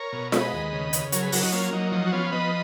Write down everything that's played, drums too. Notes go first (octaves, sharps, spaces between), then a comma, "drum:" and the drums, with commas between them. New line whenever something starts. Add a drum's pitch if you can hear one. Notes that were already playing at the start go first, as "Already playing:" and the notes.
Already playing: A#4 C#5
B2
G#3 B4 D#5, drum: snare F4
D#2
C#3
C#3, drum: hi-hat
F#3 A#4 C#5, drum: hi-hat
G#4 B4
F#3 F#4 A#4, drum: open hi-hat
D#4 F#4
A#3 C#4 F4
F#3 D#4
F3 D#4
F#4
B3 C#4 F4
F3 B4 D#5